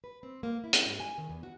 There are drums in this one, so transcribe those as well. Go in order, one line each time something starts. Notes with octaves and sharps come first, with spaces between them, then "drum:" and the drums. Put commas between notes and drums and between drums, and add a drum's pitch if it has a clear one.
B4
C4
A#3
E4
drum: hi-hat
G#2
G#5
D#3
E2
F#4